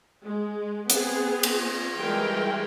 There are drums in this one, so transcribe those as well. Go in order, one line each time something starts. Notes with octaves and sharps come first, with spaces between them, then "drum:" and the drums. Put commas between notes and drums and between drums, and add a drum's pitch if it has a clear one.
G#3
B3 C4 G#4, drum: hi-hat
drum: cymbal
E3 G3 G#3 A#4 G5